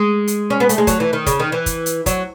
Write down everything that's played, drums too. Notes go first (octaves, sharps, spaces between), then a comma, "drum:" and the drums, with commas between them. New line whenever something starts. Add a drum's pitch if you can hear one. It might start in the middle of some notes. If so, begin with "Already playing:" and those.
Already playing: G#3
drum: hi-hat
C#4
B3
A3, drum: hi-hat
G#3
F#3, drum: kick, hi-hat
E3
D#3
C#3, drum: kick, hi-hat
D#3
E3
drum: kick, hi-hat
drum: hi-hat
F#3, drum: kick, hi-hat